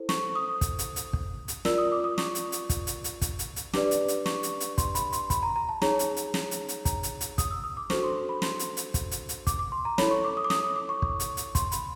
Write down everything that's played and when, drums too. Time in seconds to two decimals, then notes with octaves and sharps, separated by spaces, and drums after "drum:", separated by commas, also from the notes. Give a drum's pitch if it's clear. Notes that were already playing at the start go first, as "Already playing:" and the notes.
Already playing: E4 A4 C5
0.09 C#6, drum: snare
0.36 D#6
0.61 drum: kick, hi-hat
0.79 drum: hi-hat
0.96 drum: hi-hat
1.13 drum: kick
1.48 drum: hi-hat
1.65 F4 A#4 D5 E6, drum: snare
1.78 D#6
1.92 D6
2.04 D#6
2.18 C#6, drum: snare
2.35 drum: hi-hat
2.52 drum: hi-hat
2.69 drum: kick, hi-hat
2.87 drum: hi-hat
3.04 drum: hi-hat
3.22 drum: kick, hi-hat
3.39 drum: hi-hat
3.56 drum: hi-hat
3.73 D4 G4 B4 D5 D6, drum: snare
3.91 drum: hi-hat
4.08 drum: hi-hat
4.26 C#6, drum: snare
4.43 drum: hi-hat
4.60 drum: hi-hat
4.78 C6, drum: kick, hi-hat
4.95 B5, drum: hi-hat
5.13 C6, drum: hi-hat
5.30 B5, drum: kick, hi-hat
5.43 A#5
5.56 A#5
5.69 A5
5.82 D#4 G#4 C#5 A#5, drum: snare
5.99 drum: hi-hat
6.16 drum: hi-hat
6.34 drum: snare
6.51 drum: hi-hat
6.69 drum: hi-hat
6.85 A#5, drum: kick, hi-hat
7.03 drum: hi-hat
7.21 drum: hi-hat
7.38 D#6, drum: kick, hi-hat
7.51 E6
7.64 D#6
7.77 D6
7.90 D4 F#4 A4 C5 C#6, drum: snare
8.03 C6
8.29 B5
8.42 C6, drum: snare
8.59 drum: hi-hat
8.77 drum: hi-hat
8.94 drum: kick, hi-hat
9.11 drum: hi-hat
9.29 drum: hi-hat
9.47 D6, drum: kick, hi-hat
9.59 D6
9.72 C6
9.85 A#5
9.98 E4 A4 C#5 B5, drum: snare
10.11 C#6
10.24 D6
10.37 D#6
10.44 D6
10.50 D#6, drum: snare
10.63 D#6
10.76 D6
10.89 C#6
11.02 drum: kick
11.20 drum: hi-hat
11.37 drum: hi-hat
11.55 C6, drum: kick, hi-hat
11.72 B5, drum: hi-hat